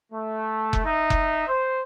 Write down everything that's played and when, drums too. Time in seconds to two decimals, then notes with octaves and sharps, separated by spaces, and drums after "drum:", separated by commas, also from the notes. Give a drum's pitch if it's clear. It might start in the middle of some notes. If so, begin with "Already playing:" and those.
0.12 A3
0.73 drum: kick F1
0.84 D#4 E5
1.10 drum: kick F1
1.48 C5